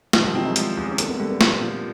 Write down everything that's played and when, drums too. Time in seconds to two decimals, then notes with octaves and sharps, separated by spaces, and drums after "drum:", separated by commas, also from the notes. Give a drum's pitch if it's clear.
0.13 B2 D#3 F3, drum: snare
0.24 F3 G3
0.34 E3 F#3 C4
0.45 F#3 G#3
0.56 F3, drum: hi-hat
0.77 E2
0.91 C#4
0.98 D3 A#3 C4, drum: hi-hat
1.09 A3 B3
1.19 D3 G3 A3
1.30 A3 B3
1.41 A#2 A#3 C4, drum: snare
1.62 F3